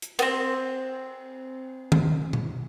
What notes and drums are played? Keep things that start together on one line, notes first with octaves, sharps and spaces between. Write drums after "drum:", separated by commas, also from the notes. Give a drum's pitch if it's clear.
drum: hi-hat
B3 C4, drum: cymbal
drum: tom
drum: tom